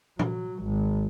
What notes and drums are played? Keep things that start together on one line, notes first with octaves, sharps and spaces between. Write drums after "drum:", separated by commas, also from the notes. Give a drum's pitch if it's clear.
F#3, drum: tom A#2
G#1